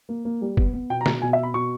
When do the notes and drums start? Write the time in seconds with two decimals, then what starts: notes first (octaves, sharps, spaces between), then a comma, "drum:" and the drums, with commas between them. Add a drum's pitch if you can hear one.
0.09 A#3
0.25 A#3
0.41 G3
0.57 B3, drum: kick
0.73 B3
0.90 B2 G5
1.01 A#5
1.06 B2, drum: snare
1.22 B2 G#5
1.33 E5
1.38 B2
1.43 B5
1.54 B2 C#6